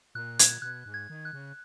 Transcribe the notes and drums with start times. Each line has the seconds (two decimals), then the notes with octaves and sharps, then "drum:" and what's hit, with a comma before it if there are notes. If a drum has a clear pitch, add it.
0.15 A#2 F#6
0.39 G#6, drum: hi-hat
0.62 B2 F#6
0.86 G#2
0.94 G#6
1.10 D#3
1.25 F#6
1.33 C#3